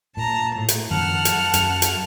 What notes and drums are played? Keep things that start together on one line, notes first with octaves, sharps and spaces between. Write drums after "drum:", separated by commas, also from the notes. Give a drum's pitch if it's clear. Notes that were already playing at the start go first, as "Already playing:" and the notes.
A#2 A5 A#5
A2
drum: hi-hat
F#2 D#3 F3 F#5 A5 F6
drum: hi-hat
F#2, drum: hi-hat
drum: hi-hat